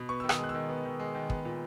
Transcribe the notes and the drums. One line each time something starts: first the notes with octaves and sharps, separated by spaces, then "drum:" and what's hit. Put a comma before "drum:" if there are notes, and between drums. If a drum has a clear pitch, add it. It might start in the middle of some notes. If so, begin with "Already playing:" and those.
Already playing: B2
B3 C#6
D#3 E6
D#6, drum: rim click
G#3 F#6
E6
D#3
B3
D#3
G#3
D#3
B3, drum: kick
A#2